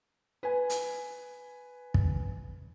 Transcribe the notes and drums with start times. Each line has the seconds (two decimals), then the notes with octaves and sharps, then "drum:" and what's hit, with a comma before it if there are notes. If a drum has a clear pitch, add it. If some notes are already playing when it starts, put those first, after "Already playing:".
0.43 B4 G#5
0.70 drum: hi-hat
1.94 drum: kick